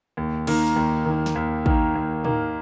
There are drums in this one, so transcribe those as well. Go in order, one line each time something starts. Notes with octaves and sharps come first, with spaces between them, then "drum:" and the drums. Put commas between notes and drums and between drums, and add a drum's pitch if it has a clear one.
D#2
D#3 A#3, drum: cymbal
drum: tambourine
D#2
D#3
A#3
drum: snare
D#2
D#3 A#3, drum: kick
D#2
D#3 A#3, drum: tom